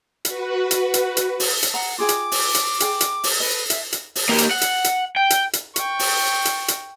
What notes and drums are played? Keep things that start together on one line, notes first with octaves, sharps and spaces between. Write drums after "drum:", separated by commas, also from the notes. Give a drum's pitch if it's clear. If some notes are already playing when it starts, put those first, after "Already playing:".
F#4 B4, drum: hi-hat
drum: hi-hat
drum: hi-hat
drum: hi-hat
drum: open hi-hat
drum: hi-hat
F#5 A#5
F4 G#4 G5 D6
drum: hi-hat
drum: open hi-hat
drum: hi-hat
G#4 G5, drum: hi-hat
drum: hi-hat
drum: open hi-hat
A4 B4 D#5
E5, drum: hi-hat
drum: hi-hat
drum: open hi-hat
A#3 G4
drum: hi-hat
F#5
drum: hi-hat
drum: hi-hat
G5
drum: hi-hat
drum: hi-hat
G5 C#6, drum: hi-hat
drum: open hi-hat
drum: hi-hat
drum: hi-hat